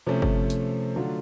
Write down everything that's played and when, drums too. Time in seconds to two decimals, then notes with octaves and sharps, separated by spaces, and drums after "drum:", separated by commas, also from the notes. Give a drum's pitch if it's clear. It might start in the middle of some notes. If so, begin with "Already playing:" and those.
0.07 C3 F3 A3 C#4
0.22 drum: kick G1
0.50 drum: hi-hat
0.96 D3 F#3 A3 D4 F4